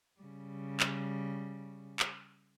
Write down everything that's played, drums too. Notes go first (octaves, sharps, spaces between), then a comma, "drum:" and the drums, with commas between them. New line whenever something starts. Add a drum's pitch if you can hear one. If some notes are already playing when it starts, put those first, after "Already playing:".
C#3 G3
drum: clap
drum: clap